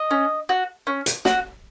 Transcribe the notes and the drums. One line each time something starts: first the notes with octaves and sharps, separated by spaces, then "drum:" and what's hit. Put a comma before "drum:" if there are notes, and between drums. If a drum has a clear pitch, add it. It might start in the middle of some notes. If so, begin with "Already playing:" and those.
Already playing: D#5
C#4
F#4
C#4
drum: hi-hat
F#4, drum: snare